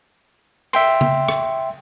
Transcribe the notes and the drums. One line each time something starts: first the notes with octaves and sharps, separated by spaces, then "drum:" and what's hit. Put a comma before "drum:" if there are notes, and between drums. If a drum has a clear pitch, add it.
E5 G5 C6, drum: cymbal
drum: tom C#3
drum: rim click